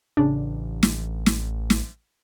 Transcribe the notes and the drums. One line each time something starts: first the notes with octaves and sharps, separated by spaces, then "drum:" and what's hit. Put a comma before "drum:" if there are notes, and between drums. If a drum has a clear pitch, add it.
A1 C#3 D4
drum: snare
drum: snare
drum: snare